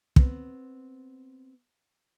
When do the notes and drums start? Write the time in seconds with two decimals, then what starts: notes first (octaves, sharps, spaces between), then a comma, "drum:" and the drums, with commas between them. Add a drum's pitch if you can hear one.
0.16 B3 C4, drum: kick